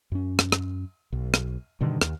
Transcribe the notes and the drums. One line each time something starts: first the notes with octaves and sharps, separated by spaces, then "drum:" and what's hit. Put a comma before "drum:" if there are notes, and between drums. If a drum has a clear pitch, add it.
F#2 C#4
drum: rim click
drum: rim click
B1
drum: rim click
G2 B2 D3 D#3
D#2, drum: rim click